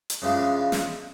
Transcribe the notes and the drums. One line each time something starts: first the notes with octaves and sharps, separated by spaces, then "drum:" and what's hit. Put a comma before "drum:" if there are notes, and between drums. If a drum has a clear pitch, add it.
drum: hi-hat
C#3 E3 F3 G#3 D4
drum: snare